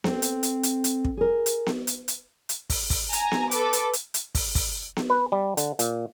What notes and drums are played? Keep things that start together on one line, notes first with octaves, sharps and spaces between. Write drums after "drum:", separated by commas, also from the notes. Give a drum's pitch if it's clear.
C4 A4 C5, drum: snare B3
drum: hi-hat
drum: hi-hat
drum: hi-hat
drum: hi-hat
drum: kick
G#4 A#4
drum: hi-hat
drum: snare B3
drum: hi-hat
drum: hi-hat
drum: hi-hat
drum: kick, open hi-hat
drum: kick, open hi-hat
G#5 A#5, drum: hi-hat
drum: snare B3
A4 B4 D6, drum: hi-hat
drum: hi-hat
drum: hi-hat
drum: hi-hat
drum: kick, open hi-hat
drum: kick, open hi-hat
drum: snare B3
B4
G3
D3, drum: hi-hat
A#2, drum: hi-hat